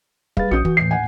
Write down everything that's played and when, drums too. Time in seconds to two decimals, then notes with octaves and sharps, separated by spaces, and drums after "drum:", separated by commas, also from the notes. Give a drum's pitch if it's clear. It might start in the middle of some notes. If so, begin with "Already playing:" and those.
0.37 G3 G#4 B4 F5 A6, drum: kick
0.51 A#1 C#4 F#4 D#6 G6 C#7
0.65 E3 F#4, drum: kick
0.77 D#2 A2 C7
0.91 F#5 G#5